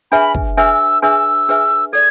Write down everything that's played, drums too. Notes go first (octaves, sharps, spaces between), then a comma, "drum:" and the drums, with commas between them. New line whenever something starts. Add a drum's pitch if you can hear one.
D4 G#4 B4 E5 G#5 B5, drum: hi-hat
drum: kick
D4 G#4 B4 E5 G#5 E6, drum: hi-hat
D4 G#4 B4 E5 G#5 E6
D4 G#4 B4 E5 G#5, drum: hi-hat
A4 D5 G#6, drum: hi-hat